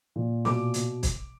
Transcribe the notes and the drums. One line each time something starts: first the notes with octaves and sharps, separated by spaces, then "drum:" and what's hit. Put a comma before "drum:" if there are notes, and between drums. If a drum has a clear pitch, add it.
A#2
B2 D6, drum: snare
B2, drum: hi-hat
drum: kick, hi-hat